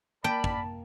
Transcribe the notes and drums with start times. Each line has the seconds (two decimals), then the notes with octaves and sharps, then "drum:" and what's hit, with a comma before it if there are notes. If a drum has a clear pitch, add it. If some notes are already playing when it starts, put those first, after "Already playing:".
0.24 A#3 A#4 D5 G5 A5 B5
0.44 drum: kick